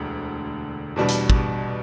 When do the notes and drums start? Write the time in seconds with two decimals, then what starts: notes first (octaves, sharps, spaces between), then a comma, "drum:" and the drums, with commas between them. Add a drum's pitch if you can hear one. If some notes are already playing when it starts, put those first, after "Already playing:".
Already playing: E1 D2 D3
0.96 E2 B2 G3 D4
1.08 drum: hi-hat
1.30 drum: kick